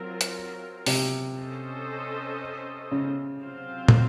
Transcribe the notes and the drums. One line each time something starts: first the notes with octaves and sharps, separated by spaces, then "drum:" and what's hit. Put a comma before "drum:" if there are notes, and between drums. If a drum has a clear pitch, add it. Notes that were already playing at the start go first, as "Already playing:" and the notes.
Already playing: F#3 C4 F4 A#4
drum: hi-hat
C3, drum: open hi-hat
C#4 A4 C5 D#5
C#3
F#3 C4 F4 C5 F5
drum: tom